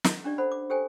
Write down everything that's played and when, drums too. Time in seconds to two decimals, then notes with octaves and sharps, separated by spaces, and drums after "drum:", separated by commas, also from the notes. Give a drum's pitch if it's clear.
0.05 D#5 A#5, drum: snare
0.24 C#4 D4 G4 D5
0.38 A4 C5 F#5 B5
0.52 D6
0.70 G4 A4 C5 G5 G#5